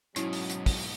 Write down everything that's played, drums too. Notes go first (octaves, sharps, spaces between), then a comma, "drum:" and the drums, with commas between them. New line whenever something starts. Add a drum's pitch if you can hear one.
G#2 B2 F#3 C#4 E4, drum: hi-hat
drum: open hi-hat
drum: hi-hat
drum: kick, open hi-hat